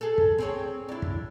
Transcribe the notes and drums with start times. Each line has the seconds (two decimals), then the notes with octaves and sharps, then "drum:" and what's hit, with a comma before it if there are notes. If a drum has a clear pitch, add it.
0.01 G#4 A4
0.18 drum: kick
0.38 C4 G#4 C#5
0.89 D4 E4
1.02 drum: kick